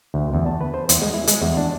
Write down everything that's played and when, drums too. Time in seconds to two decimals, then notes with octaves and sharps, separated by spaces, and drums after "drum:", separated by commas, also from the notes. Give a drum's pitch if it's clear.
0.14 D2
0.34 E2
0.46 A5
0.61 B4
0.74 C5
0.89 E2, drum: hi-hat
1.02 G#3
1.13 E4
1.27 G#3, drum: hi-hat
1.42 E2
1.57 D4